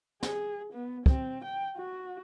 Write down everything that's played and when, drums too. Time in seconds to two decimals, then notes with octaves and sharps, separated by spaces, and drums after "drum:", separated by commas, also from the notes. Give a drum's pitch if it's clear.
0.23 G#4, drum: snare
0.73 B3
1.06 C4, drum: kick
1.44 G5
1.77 F#4